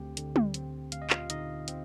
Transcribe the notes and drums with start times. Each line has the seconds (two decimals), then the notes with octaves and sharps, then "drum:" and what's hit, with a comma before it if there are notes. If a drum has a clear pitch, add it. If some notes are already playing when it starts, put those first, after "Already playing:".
Already playing: D2 C4 G4 G5
0.17 D3, drum: hi-hat
0.36 drum: tom
0.54 C4, drum: hi-hat
0.92 D2 F5, drum: hi-hat
1.02 D#5
1.10 F4 F5, drum: clap
1.30 D3 D#4 D#5, drum: hi-hat
1.68 C4, drum: hi-hat